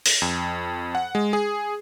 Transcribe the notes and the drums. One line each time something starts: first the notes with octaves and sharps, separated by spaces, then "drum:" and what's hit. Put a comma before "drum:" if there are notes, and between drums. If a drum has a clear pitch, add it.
drum: open hi-hat
F2
F#5
G#3
G#4